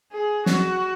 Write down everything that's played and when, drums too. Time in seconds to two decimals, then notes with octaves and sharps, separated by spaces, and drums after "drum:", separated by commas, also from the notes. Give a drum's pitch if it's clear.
0.12 G#4
0.46 F#4, drum: snare